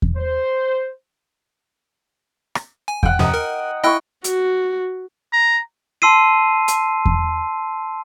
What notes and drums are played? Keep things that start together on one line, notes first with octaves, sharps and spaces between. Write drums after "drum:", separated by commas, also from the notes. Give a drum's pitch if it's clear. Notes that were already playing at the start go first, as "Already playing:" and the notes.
drum: kick E2
C5
drum: rim click
G#5
F#5 G5, drum: kick E2
F#2 C3 F3 D#5 A#5
A#4
E4 D#5 G5 C#6 F#6
F#4, drum: hi-hat
A#5
A5 C6 E6 C7 D#7
drum: hi-hat
drum: kick E2